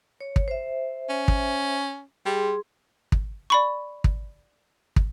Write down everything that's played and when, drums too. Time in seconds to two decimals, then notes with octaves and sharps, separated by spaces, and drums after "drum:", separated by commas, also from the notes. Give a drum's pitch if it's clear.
0.21 C#5
0.36 drum: kick
0.48 C5 E5
1.09 C#4
1.28 drum: kick
2.26 G3 G#4 C6
3.12 drum: kick
3.50 D5 B5 C#6
4.04 drum: kick
4.96 drum: kick